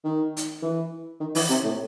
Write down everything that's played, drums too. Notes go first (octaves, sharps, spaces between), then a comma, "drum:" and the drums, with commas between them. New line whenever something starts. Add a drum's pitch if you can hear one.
D#3
drum: hi-hat
E3
D#3
E3, drum: open hi-hat
C3
A2